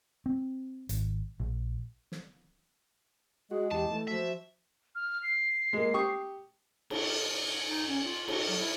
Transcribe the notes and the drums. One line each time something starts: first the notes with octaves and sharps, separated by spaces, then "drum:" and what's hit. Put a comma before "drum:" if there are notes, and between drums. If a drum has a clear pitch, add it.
C4
G#1, drum: hi-hat
A#1
drum: snare
G#3 F#4 G#4
E2 G4 A5
E3 A3
F3 F#4 E5
F6
C7
G#3 A#3
G4 C#6 D#6
drum: cymbal
D#4
C#4
F4
F#4, drum: cymbal
F#3
E4